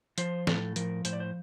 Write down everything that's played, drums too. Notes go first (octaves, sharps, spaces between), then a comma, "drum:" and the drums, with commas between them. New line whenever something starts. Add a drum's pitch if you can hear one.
F3 C5, drum: hi-hat
A2 A4, drum: snare
F3 A#4, drum: hi-hat
A2 C5, drum: hi-hat
D5
C5